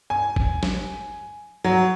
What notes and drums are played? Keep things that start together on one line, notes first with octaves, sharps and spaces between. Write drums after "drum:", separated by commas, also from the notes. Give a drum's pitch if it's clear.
G#5
drum: kick
drum: snare
F#3